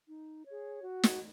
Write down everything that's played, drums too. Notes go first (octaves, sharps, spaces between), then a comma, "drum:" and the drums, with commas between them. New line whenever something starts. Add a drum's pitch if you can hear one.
D#4
G#4 C#5
F#4
drum: snare